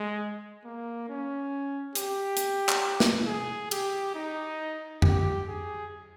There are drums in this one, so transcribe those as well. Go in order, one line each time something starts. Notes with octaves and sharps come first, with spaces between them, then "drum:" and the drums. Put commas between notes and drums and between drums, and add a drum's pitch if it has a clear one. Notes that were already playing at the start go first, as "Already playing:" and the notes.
Already playing: G#3
A#3
C#4
G4, drum: hi-hat
drum: hi-hat
drum: clap
drum: snare
G#4
G4, drum: cymbal
D#4
G4, drum: tom F2
G#4